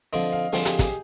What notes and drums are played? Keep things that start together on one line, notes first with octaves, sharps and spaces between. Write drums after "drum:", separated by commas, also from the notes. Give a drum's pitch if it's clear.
D3 F3 C4 D#5
F5
D3 F3 C4 G#4, drum: open hi-hat
G4, drum: hi-hat
G#4, drum: kick, hi-hat